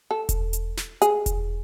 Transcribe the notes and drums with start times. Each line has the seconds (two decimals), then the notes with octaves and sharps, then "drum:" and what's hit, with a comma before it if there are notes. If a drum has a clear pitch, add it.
0.11 A4
0.29 drum: kick E1, hi-hat
0.53 drum: hi-hat
0.77 drum: snare
1.02 G#4, drum: hi-hat
1.26 drum: kick E1, hi-hat